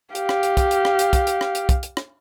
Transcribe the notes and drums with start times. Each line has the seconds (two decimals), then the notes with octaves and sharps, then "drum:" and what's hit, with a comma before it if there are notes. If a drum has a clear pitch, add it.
0.15 G4 F5, drum: hi-hat
0.29 drum: rim click
0.43 drum: hi-hat
0.57 drum: kick, hi-hat
0.71 drum: hi-hat
0.85 drum: rim click
0.99 drum: hi-hat
1.13 drum: kick, hi-hat
1.27 drum: hi-hat
1.41 drum: rim click
1.55 drum: hi-hat
1.69 drum: kick, hi-hat
1.83 drum: hi-hat
1.97 drum: rim click